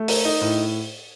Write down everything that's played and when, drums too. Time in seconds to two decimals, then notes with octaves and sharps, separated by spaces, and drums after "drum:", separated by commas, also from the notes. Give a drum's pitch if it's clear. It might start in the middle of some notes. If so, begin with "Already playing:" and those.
Already playing: A3
0.08 A#4, drum: open hi-hat
0.25 D#4
0.41 A2